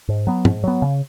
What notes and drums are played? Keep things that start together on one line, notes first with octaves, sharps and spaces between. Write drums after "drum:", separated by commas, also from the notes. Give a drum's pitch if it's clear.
G#2
F#3 B3
G#2, drum: tom G#2
F#3 B3
C#3